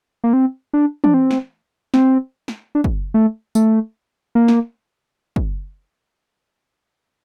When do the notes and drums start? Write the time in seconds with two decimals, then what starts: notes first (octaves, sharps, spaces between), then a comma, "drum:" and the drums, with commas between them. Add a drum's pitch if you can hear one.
0.24 A#3
0.33 C4
0.73 D4
1.04 D4, drum: tom E3
1.14 C4
1.31 drum: snare
1.94 C4, drum: snare
2.48 drum: snare
2.75 D4
2.84 drum: kick
3.14 A3
3.55 A3, drum: tambourine
4.35 A#3
4.48 drum: snare
5.36 drum: kick